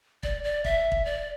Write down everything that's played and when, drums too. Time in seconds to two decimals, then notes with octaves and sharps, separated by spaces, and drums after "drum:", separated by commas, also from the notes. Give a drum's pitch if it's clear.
0.23 D5, drum: kick
0.44 D5
0.65 E5, drum: kick
0.92 drum: kick
1.05 D5